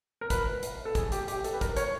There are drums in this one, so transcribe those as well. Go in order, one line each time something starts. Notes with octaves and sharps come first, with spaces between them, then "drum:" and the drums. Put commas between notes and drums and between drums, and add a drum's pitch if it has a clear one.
A#4
B4, drum: kick, hi-hat
drum: hi-hat
A4
G#4, drum: kick, hi-hat
G4, drum: hi-hat
G4, drum: hi-hat
A4, drum: hi-hat
B4
A#4, drum: kick, hi-hat
C#5, drum: hi-hat